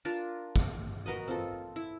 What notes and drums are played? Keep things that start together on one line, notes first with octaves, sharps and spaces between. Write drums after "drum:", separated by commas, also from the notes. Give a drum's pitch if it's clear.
D4 F4 A#4 A5
drum: kick
F#4 A#4 B4 D#5
C4 F4 A4
E4